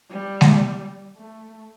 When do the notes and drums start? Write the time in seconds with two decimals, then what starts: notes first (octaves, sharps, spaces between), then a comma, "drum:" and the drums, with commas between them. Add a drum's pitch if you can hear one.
0.11 G3
0.41 drum: snare
1.17 A3